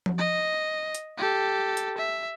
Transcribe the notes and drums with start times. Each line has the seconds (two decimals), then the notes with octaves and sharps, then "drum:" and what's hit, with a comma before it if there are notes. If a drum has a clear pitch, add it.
0.06 drum: tom F3
0.18 D#5
0.95 drum: hi-hat
1.18 G4 A4
1.77 drum: hi-hat
1.97 E5